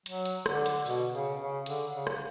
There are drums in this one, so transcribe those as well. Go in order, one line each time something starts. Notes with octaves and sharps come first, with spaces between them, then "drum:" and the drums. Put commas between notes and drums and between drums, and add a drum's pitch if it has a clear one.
F#3, drum: hi-hat
drum: hi-hat
D3, drum: rim click
drum: hi-hat
B2, drum: open hi-hat
C#3
C#3
D3, drum: hi-hat
C#3
drum: rim click